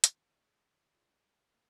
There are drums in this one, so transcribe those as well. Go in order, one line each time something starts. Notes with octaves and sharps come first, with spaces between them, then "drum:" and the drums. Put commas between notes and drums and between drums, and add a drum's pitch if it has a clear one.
D#3, drum: hi-hat
G#3 D4 F4
D#3
G#3 D4 F4
G3
A#3